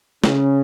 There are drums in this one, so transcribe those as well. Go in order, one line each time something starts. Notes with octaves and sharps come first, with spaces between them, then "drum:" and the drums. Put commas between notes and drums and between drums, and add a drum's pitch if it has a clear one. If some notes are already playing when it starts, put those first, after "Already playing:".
C#3 C#4, drum: snare